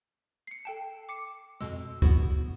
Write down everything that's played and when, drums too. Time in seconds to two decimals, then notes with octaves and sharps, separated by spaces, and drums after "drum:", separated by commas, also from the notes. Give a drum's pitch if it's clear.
0.47 C7 C#7
0.65 A4 G5 A5
1.09 D6 C7 C#7
1.61 F2 B2 G#3 E6
2.02 B3 E4 F#4, drum: kick C#2